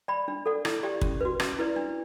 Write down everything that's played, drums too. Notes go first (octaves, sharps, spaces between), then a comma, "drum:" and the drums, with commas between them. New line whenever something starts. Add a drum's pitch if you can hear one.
D5 G5 B5
D4
A4 D5 F#5
E4, drum: rim click
G4 D5 G5
C#4, drum: kick
F#4 B4
C#4, drum: rim click
E4 B4 D5
D4